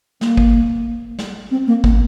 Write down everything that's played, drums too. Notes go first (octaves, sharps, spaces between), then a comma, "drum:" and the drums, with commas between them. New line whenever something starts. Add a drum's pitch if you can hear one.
A#3, drum: snare
drum: kick G#1
drum: snare
C4
A#3
A#3, drum: kick G#1